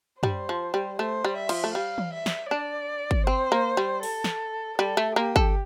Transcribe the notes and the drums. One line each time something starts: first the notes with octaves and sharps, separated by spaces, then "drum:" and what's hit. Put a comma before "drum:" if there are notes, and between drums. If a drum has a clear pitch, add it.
G3 C5, drum: tom F#2
F3
G3
A3 C5
G3
E5
F3, drum: cymbal
A3
G3 F5
drum: tom E3
E5
drum: snare
D4 D5
drum: kick
C4 C5
A#3
G3
A4, drum: open hi-hat
drum: snare
G3 A4
A3
A#3 G4
A4, drum: kick